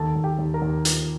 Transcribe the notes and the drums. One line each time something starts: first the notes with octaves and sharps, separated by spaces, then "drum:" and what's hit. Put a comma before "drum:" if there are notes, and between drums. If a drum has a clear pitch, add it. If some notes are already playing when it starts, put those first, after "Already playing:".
Already playing: D#2 A4 A5
D#2
G4 G5
D#2
A#4 A#5
D#2
F4, drum: hi-hat